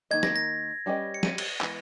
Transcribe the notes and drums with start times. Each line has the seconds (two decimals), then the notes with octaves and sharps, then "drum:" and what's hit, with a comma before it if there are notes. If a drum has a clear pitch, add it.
0.11 D#3 A#3 D#5 G#6
0.23 A#6, drum: snare
0.36 A#6
0.86 G3 C#4 G4 B4 D#5
1.14 C#7
1.23 D#7, drum: snare
1.38 drum: cymbal
1.61 E3 G#3 B3, drum: clap